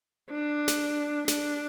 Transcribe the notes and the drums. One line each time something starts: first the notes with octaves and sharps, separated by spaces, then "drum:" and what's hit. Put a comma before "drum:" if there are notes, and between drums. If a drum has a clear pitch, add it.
D4
drum: snare
D4, drum: snare